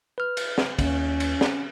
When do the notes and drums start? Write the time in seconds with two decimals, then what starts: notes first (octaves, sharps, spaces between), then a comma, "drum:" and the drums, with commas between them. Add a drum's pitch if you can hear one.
0.18 B4 F6
0.37 drum: cymbal
0.58 drum: snare
0.79 D#2 C#4, drum: kick, cymbal
1.20 drum: cymbal
1.41 drum: snare